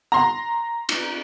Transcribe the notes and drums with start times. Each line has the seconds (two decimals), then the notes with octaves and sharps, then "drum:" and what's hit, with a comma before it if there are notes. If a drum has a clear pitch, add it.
0.12 A#5 C6
0.89 drum: cymbal